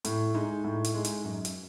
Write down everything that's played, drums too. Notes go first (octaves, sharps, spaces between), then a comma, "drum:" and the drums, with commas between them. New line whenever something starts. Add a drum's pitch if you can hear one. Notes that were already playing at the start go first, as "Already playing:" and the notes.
A2, drum: hi-hat
G#3 D#4
A2
drum: hi-hat
G#3 D#4
drum: hi-hat
F#2
drum: hi-hat